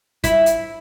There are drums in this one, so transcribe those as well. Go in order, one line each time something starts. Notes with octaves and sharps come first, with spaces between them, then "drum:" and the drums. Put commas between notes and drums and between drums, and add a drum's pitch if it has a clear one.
E4, drum: kick G1, hi-hat
drum: hi-hat